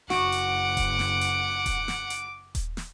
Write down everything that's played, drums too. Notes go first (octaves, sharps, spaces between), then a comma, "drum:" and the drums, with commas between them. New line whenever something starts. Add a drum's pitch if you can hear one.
F#1 F#4 F#5 D6 D7, drum: snare
drum: hi-hat
drum: kick D#1, hi-hat
drum: snare
drum: hi-hat
drum: kick D#1, hi-hat
drum: snare
drum: hi-hat
drum: kick D#1, hi-hat
drum: snare